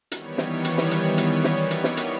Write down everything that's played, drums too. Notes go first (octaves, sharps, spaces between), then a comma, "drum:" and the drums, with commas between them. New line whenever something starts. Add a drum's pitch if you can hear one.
D#3 E3 G3 B3 C#5, drum: hi-hat
drum: snare
drum: hi-hat
drum: snare
drum: hi-hat
drum: hi-hat
drum: snare
drum: hi-hat
drum: snare
drum: hi-hat